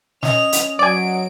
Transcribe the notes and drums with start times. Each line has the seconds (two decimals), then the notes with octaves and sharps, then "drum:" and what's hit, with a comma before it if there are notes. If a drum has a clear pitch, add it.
0.23 C#4 D#5 F7, drum: snare
0.52 drum: hi-hat
0.79 F#3 D5 G#5 D7